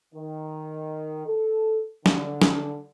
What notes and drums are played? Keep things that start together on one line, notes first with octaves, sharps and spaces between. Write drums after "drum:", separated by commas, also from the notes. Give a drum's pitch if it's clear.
D#3
A4
D3, drum: snare
drum: snare